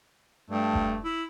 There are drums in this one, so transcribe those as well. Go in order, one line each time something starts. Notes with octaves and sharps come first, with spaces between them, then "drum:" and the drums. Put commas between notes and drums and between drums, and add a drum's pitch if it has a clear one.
G2 A3
drum: kick E1
E4